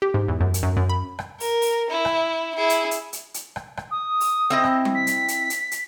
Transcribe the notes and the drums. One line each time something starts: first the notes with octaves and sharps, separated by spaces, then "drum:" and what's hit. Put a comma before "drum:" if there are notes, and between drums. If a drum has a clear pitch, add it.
G4
G#2
E2
F#2
drum: hi-hat
F#2
F#2
B5
drum: rim click
A#4, drum: open hi-hat
drum: open hi-hat
E4
drum: rim click
E4 G#4
drum: hi-hat
drum: hi-hat
drum: hi-hat
drum: hi-hat
drum: rim click
drum: rim click
D#6
drum: open hi-hat
C4 E4 D#5
drum: rim click
drum: tom G3
B6
drum: hi-hat
drum: hi-hat
drum: hi-hat
drum: hi-hat